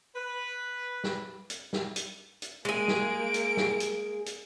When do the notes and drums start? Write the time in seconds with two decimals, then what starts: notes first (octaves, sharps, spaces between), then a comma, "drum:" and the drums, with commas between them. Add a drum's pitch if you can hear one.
0.14 B4
1.04 drum: snare
1.50 drum: hi-hat
1.73 drum: snare
1.96 drum: hi-hat
2.42 drum: hi-hat
2.65 G#3 A#3 G#4 D7
2.88 drum: snare
3.34 drum: hi-hat
3.57 drum: snare
3.80 drum: hi-hat
4.26 drum: hi-hat